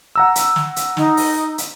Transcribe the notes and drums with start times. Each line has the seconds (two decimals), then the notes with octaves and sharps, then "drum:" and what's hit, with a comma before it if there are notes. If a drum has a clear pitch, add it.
0.16 F#5 A#5 E6
0.35 drum: hi-hat
0.56 drum: snare
0.76 drum: hi-hat
0.97 D#4, drum: snare
1.17 drum: open hi-hat
1.58 drum: hi-hat